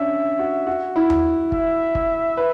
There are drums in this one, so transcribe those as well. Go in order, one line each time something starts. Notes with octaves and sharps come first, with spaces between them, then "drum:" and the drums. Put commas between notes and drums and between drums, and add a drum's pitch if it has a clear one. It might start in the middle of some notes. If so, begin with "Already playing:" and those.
Already playing: C#4 D4 E5
F#4
F#4
E4
drum: tom D#2
E5, drum: kick
drum: kick
B4